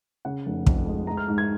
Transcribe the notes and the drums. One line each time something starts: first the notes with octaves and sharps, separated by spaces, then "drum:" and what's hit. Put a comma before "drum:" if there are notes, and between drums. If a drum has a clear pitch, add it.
C#3 F#5
F1
F2, drum: kick
G#3
G#3 A#5
F6
G#2
G#6